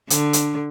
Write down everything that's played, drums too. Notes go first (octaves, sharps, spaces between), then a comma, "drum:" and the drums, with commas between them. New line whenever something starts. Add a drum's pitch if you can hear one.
D3, drum: hi-hat
drum: hi-hat